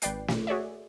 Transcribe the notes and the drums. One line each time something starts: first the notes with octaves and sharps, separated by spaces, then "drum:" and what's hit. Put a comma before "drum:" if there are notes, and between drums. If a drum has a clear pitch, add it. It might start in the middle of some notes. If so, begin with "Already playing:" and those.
G#1 B4 D5 G5 C7, drum: hi-hat
drum: snare
F#4 G#4 C#5 D5 E5